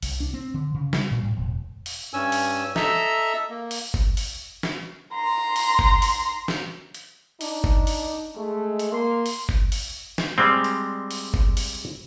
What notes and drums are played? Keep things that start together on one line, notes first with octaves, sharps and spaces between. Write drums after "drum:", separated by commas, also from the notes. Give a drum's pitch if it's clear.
C2, drum: open hi-hat
D4
C4
D3
C#3
G3, drum: snare
A#2
A2
E1
drum: open hi-hat
G2 C#4 G#5 E6
drum: open hi-hat
A4 D#5 E5 A#5 E6, drum: snare
A#3
drum: open hi-hat
drum: kick G1
drum: open hi-hat
drum: snare
A#5 C6
drum: open hi-hat
drum: kick G1
drum: open hi-hat
drum: snare
drum: hi-hat
D4 D#4, drum: open hi-hat
drum: kick G1
drum: open hi-hat
G#3 A3
drum: hi-hat
A#3 C6
drum: open hi-hat
drum: kick G1
drum: open hi-hat
drum: snare
G3 G#3 C4
drum: hi-hat
drum: open hi-hat
drum: kick G1
drum: open hi-hat